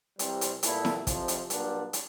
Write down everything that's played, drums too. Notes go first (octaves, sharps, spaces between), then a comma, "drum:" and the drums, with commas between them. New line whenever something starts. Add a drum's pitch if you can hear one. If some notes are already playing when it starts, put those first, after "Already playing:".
C2 C3 E3 G3 C4, drum: hi-hat
drum: hi-hat
A#2 G3 B3 E4 A4, drum: hi-hat
drum: snare E4
F2 C3 F3, drum: kick, hi-hat
drum: hi-hat
B1 A#2 G3 B3 D4, drum: hi-hat
drum: hi-hat